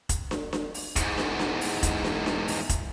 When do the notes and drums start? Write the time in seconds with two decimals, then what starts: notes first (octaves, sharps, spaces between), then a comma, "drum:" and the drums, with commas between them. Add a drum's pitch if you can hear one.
0.09 drum: kick F1, hi-hat
0.31 drum: snare
0.53 drum: snare
0.74 drum: open hi-hat
0.96 E2 G#2, drum: kick F1, hi-hat
1.18 drum: snare
1.39 drum: snare
1.61 drum: open hi-hat
1.83 drum: kick F1, hi-hat
2.04 drum: snare
2.26 drum: snare
2.48 drum: open hi-hat
2.69 drum: kick F1, hi-hat